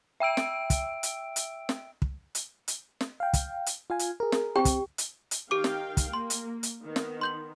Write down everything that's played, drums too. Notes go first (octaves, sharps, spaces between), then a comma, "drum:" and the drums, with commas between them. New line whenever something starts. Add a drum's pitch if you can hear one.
E5 G5 E6 D7
drum: snare
drum: kick, hi-hat
drum: hi-hat
drum: hi-hat
drum: snare
drum: kick
drum: hi-hat
drum: hi-hat
drum: snare
F5 G5
drum: kick, hi-hat
drum: hi-hat
F4 F5 G#5
drum: hi-hat
G#4 A#4
drum: snare
C4 G4 G5
drum: kick, hi-hat
drum: hi-hat
drum: hi-hat
D#3 G4 F5 G5 D6
drum: snare
drum: kick, hi-hat
A#3 C6
drum: hi-hat
drum: hi-hat
D#3 B3
drum: snare
C6 G6 F#7